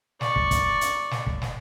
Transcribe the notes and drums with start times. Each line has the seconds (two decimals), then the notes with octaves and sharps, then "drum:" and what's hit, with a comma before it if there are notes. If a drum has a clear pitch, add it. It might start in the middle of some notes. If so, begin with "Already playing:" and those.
0.21 D5 C#6, drum: snare
0.36 drum: kick
0.51 drum: kick, hi-hat
0.81 drum: hi-hat
1.11 drum: snare
1.26 drum: kick
1.42 drum: snare